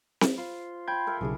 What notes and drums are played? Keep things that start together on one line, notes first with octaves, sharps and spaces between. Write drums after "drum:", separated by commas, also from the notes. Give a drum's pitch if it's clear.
drum: snare C4
F4 C5
G5 B5 C6 G6 G#6
A4 A#4 E5
B1 C#3 E4 G4 G#4